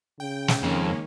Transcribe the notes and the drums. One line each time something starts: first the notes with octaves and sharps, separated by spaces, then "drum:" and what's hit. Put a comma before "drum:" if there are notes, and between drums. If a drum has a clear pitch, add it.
C#3 G5
drum: snare
F2 D#3 G#3 A#3 C#4